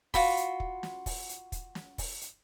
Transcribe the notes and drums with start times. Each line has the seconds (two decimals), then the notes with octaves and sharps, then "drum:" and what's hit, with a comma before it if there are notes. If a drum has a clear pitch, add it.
0.14 F4 F#4 B5, drum: kick, open hi-hat
0.37 drum: hi-hat
0.60 drum: kick
0.83 drum: snare
1.06 drum: kick, open hi-hat
1.29 drum: hi-hat
1.52 drum: kick, hi-hat
1.75 drum: snare
1.98 drum: kick, open hi-hat
2.21 drum: hi-hat